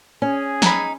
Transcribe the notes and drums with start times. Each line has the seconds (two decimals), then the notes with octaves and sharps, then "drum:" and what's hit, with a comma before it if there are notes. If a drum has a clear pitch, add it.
0.22 C#4 G#4
0.62 D#4 B5, drum: snare